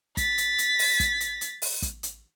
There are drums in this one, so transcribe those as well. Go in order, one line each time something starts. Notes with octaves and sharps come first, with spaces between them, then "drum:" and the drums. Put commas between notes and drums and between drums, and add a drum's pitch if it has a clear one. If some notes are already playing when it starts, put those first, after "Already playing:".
A6 B6, drum: kick, hi-hat
drum: hi-hat
drum: hi-hat
drum: open hi-hat
drum: kick, hi-hat
drum: hi-hat
drum: hi-hat
drum: open hi-hat
drum: kick, hi-hat
drum: hi-hat